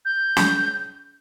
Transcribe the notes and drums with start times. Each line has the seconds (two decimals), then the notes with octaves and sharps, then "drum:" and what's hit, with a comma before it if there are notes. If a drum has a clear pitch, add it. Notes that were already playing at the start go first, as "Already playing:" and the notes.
0.05 G6
0.37 drum: snare